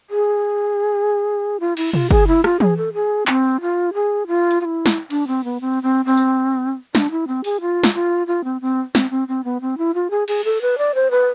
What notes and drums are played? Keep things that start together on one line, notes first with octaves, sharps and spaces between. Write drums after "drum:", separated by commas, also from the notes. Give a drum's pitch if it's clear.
G#4
F4
E4, drum: cymbal
F4, drum: tom B2
G#4, drum: kick G1
E4
F4, drum: rim click
G#4, drum: tom E3
A4
G#4
C4, drum: clap
F4
G#4
F4
drum: hi-hat
F4
E4
drum: snare
D4, drum: cymbal
C4
B3
C4
C4
C4
drum: tambourine
D4, drum: snare
E4
C4
G#4, drum: open hi-hat
F4
drum: snare
F4
F4
C4
C4
C4, drum: snare
C4
C4
B3
C4
E4
F4
G#4
G#4, drum: cymbal
A4
B4
D5
C5
B4